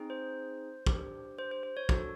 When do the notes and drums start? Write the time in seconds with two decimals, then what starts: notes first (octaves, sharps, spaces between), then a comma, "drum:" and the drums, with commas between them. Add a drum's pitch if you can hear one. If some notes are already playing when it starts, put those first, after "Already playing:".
Already playing: C4 D#4 G#4
0.10 C5
0.87 D4 G4, drum: kick
1.38 C5
1.51 C5
1.63 C5
1.77 C#5
1.89 D4 F#4 A4, drum: kick